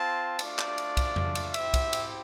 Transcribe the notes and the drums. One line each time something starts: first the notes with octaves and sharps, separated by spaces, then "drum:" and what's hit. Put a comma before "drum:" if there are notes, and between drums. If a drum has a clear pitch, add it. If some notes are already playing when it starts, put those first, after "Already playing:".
Already playing: C4 F4 A5
A3 D4 F4 D5, drum: cymbal
drum: clap
drum: cymbal
drum: kick, cymbal
drum: tom F2
drum: cymbal
C4 E4 G4 E5, drum: cymbal
drum: kick, cymbal
drum: cymbal